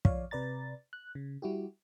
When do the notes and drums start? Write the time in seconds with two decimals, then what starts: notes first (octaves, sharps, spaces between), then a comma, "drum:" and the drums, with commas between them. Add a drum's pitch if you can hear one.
0.05 F3 C#5 D5 F5, drum: kick
0.31 C3 B4 D5 A#5 A6
0.93 F#6
1.15 C#3
1.42 G3 E4 F#4 G4